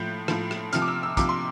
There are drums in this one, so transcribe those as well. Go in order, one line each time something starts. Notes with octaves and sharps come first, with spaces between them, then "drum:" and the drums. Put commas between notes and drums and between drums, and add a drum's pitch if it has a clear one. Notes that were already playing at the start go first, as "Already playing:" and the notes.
Already playing: A2 F3 G6
A2 F3, drum: rim click
drum: rim click
C3 F3 F6, drum: hi-hat
D6
E6
E6
C3 F3 D6, drum: kick, hi-hat
C6